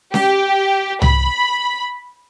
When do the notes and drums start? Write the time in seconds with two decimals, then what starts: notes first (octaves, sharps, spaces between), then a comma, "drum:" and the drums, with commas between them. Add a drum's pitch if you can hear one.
0.14 G4, drum: snare C#4
1.02 B5, drum: tom